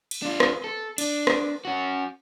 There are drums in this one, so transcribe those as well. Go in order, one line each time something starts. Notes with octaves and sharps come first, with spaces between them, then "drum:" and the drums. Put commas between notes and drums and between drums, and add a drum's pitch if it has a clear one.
drum: cymbal
D4 F4
drum: rim click
A4
D4, drum: cymbal
drum: rim click
C#4 F#4